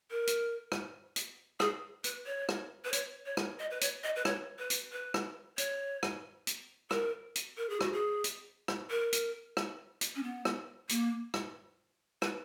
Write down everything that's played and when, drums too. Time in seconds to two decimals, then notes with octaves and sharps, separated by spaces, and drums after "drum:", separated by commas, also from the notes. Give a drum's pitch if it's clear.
0.11 A#4
0.27 drum: hi-hat
0.72 drum: rim click
1.16 drum: hi-hat
1.60 G#4, drum: rim click
2.04 B4, drum: hi-hat
2.26 C#5
2.49 drum: rim click
2.85 B4
2.93 C#5, drum: hi-hat
3.26 C#5
3.37 drum: rim click
3.59 D#5
3.71 B4
3.81 C#5, drum: hi-hat
4.04 D#5
4.16 B4
4.25 C#5, drum: rim click
4.59 B4
4.70 drum: hi-hat
4.92 B4
5.14 drum: rim click
5.58 C#5, drum: hi-hat
6.03 drum: rim click
6.47 drum: hi-hat
6.91 A#4, drum: rim click
7.36 drum: hi-hat
7.58 A#4
7.70 G#4
7.81 F#4, drum: rim click
7.93 G#4
8.24 drum: hi-hat
8.68 drum: rim click
8.90 A#4
9.13 drum: hi-hat
9.57 drum: rim click
10.01 drum: hi-hat
10.16 C#4
10.23 B3
10.45 drum: rim click
10.89 A#3, drum: hi-hat
11.34 drum: rim click
12.22 B4, drum: rim click